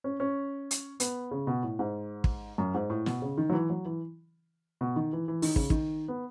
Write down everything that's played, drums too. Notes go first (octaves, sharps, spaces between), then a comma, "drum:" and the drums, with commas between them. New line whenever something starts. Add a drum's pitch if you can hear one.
C#4
C#4
drum: hi-hat
B3, drum: hi-hat
C#3
B2
A2
G#2
drum: kick
F#2
G#2
A2
B2, drum: snare
C#3
D#3
F#3
E3
F#3
E3
B2
D#3
E3
E3
D#3, drum: open hi-hat
C#3, drum: kick
D#3, drum: kick
B3